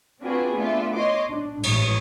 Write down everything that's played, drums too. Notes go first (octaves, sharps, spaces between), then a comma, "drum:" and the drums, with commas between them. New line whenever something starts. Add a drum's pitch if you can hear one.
C4 D4 F4 F#4 G#4 B4
A3 B3 D4 F4 E5
C#5 D#5 C6 D6
D4
A1 G#2 E3 C#5 D#6, drum: cymbal